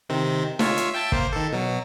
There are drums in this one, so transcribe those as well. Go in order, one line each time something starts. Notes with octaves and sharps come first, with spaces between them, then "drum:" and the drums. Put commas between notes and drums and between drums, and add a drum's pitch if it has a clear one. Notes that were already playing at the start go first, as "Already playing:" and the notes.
C3 D#3 C4
F4 C#5 E5, drum: snare
drum: hi-hat
E5 G5 A5
A#3 C5, drum: kick
D#3 A4
B2 F#3